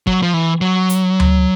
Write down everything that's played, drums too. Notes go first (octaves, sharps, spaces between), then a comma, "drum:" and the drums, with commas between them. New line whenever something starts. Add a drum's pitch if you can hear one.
F#3, drum: kick
F3
E3
F#3
drum: hi-hat
drum: tom D2